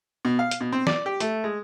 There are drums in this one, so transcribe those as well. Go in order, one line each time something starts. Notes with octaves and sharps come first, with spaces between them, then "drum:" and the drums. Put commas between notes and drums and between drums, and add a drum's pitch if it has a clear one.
B2
F5
drum: hi-hat
B2
C4
D5, drum: snare
G4
A3, drum: hi-hat
G#3